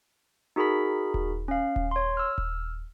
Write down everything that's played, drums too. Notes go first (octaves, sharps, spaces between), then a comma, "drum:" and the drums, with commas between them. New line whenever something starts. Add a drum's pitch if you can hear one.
D#4 F#4 G#4 A#4 B5 B6
drum: kick D#1
C#4 F5
drum: kick D#1
C#5 C6
E6 F6
drum: kick D#1